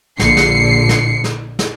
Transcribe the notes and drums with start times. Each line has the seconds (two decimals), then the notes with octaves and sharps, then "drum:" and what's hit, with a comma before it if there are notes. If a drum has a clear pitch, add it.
0.19 A#1 D3 C7 C#7, drum: snare
0.37 drum: snare
0.89 drum: snare
1.24 drum: snare
1.59 drum: snare